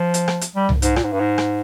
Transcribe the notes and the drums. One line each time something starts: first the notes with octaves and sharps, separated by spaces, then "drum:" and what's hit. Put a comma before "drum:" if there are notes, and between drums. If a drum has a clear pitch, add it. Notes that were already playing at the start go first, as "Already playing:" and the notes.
Already playing: F3
drum: hi-hat
drum: rim click
drum: hi-hat
G3
drum: tom C2
G#2, drum: hi-hat
A#2, drum: rim click
G#2
G2
G#2
drum: rim click